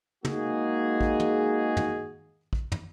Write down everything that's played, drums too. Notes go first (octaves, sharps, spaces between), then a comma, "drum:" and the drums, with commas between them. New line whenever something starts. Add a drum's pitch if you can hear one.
G#3 A#3 D#4 F#4 G#4, drum: tom
drum: kick
drum: tom
drum: tom
drum: kick
drum: tom